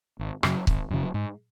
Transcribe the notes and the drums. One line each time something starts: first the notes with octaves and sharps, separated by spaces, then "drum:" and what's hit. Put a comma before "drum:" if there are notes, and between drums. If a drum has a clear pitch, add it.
G#1
F#2 C#3 F#3, drum: rim click
G#1, drum: kick C#1
F#2 C#3 F#3
G#2